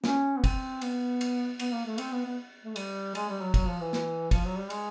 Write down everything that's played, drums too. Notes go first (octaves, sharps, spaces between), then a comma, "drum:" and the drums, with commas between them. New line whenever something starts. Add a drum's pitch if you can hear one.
C#4, drum: snare
B3
C4, drum: kick, cymbal
B3, drum: cymbal
drum: cymbal
B3, drum: cymbal
A#3
A3
C4, drum: cymbal
B3
B3
A3
G3, drum: cymbal
G#3, drum: cymbal
G3
F#3
F#3, drum: kick, cymbal
F3
E3
drum: snare
F3, drum: kick, cymbal
F#3
G3
G#3, drum: cymbal